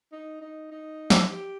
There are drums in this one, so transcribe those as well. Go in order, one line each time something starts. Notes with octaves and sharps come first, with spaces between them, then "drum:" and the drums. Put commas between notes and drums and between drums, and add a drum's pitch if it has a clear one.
D#4
D#4
D#4
drum: snare
G4